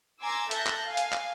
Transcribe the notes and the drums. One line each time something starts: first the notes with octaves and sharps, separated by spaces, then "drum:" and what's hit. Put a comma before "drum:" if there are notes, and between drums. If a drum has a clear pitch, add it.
G#5 A#5 C6 D6 E6 G#6
A4 E5 A5 F#6 G6 A#6, drum: hi-hat
drum: clap
F5 G#5
drum: hi-hat
drum: clap